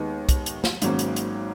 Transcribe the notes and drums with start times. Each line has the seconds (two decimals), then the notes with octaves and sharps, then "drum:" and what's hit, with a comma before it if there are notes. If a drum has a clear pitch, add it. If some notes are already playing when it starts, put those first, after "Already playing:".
Already playing: D#2 D#3 G#3 B3
0.29 drum: kick, hi-hat
0.46 drum: hi-hat
0.64 drum: snare
0.82 G#1 G#2 F#3 A#3 C#4, drum: hi-hat
0.99 drum: hi-hat
1.16 drum: hi-hat